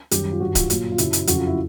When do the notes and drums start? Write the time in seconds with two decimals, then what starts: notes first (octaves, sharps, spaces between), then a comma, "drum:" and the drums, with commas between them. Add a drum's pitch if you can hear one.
0.11 F#2 D#3 G3 G4, drum: hi-hat
0.31 F4
0.40 G2 D#3 G3 F#4
0.55 F4, drum: kick C#1, hi-hat
0.70 A#2 F#3, drum: hi-hat
0.92 F4
0.98 F#2 C#3 F#3 E4, drum: hi-hat
1.13 drum: hi-hat
1.27 F2 C#3 F#3 F#4, drum: hi-hat
1.37 F4
1.47 E4